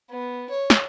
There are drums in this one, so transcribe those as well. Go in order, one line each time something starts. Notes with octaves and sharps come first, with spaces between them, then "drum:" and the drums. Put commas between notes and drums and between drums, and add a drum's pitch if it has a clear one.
B3
C#5
drum: snare